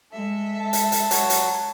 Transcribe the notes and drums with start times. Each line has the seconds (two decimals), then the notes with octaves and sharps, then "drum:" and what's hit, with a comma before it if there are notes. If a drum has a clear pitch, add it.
0.12 G#3 A4 E5
0.59 A5
0.73 drum: hi-hat
0.92 drum: hi-hat
1.11 F#3, drum: hi-hat
1.30 drum: hi-hat